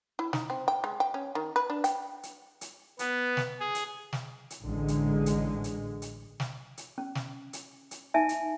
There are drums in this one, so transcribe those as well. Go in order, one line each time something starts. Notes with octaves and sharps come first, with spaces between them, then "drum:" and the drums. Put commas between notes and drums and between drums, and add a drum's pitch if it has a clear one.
E4
D#4, drum: snare
C4
G5
G#3
G5
C#4
D#3
B4
D4
G5, drum: hi-hat
drum: hi-hat
drum: hi-hat
B3, drum: hi-hat
drum: snare
G#4
drum: hi-hat
drum: snare
drum: hi-hat
A1 D3 G#3
drum: hi-hat
drum: hi-hat
drum: hi-hat
drum: hi-hat
drum: snare
drum: hi-hat
C#4
drum: snare
drum: hi-hat
drum: hi-hat
D#4 E5 G#5 A5
drum: hi-hat